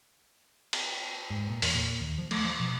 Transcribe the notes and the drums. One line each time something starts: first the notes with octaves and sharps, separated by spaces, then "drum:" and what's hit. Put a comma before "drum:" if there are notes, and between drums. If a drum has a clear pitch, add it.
drum: cymbal
G#2
A#2
E2, drum: open hi-hat
A#2
D#2
F3
A3, drum: cymbal
F3
B2